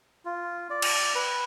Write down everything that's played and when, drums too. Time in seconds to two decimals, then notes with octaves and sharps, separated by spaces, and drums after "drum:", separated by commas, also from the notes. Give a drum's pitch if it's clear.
0.25 F4
0.70 D5
0.82 drum: cymbal
1.15 B4